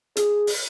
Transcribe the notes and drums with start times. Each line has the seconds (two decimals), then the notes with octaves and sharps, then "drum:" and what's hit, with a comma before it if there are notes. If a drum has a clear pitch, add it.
0.17 G#4, drum: hi-hat
0.47 drum: open hi-hat